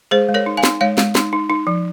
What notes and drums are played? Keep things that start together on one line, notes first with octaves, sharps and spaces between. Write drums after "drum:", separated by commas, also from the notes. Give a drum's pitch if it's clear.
G#3 G#4 C5
G#3
A#4 C#5
D#4
F5 G#5
D#4, drum: snare
G#3 C#5 F5
G#3, drum: snare
D#4, drum: snare
D#4
D#4
F3